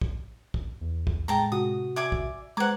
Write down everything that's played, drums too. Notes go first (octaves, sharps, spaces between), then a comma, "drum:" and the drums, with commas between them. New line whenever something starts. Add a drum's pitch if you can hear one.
drum: kick
drum: kick
E2
drum: kick
A2 G#3 G5 A5 A#5
C3 F#4 D#6
D5 E5 G#5 D6
drum: kick
G#3 B4 C5 F#5 A#5 D6 G#6